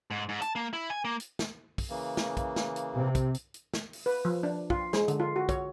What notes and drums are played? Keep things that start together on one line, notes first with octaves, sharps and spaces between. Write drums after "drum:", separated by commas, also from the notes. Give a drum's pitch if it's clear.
G#2
G#2
A5, drum: hi-hat
A#3
E4
G#5
A#3
drum: hi-hat
drum: snare
drum: kick, open hi-hat
C#3 E3 A#3
drum: snare
drum: kick, hi-hat
drum: snare
drum: hi-hat
C3
drum: kick, hi-hat
drum: hi-hat
drum: hi-hat
drum: snare
drum: open hi-hat
B4
F3
D4
F4, drum: kick
G#3, drum: snare
D3, drum: hi-hat
F4
F#4
C#5, drum: kick, hi-hat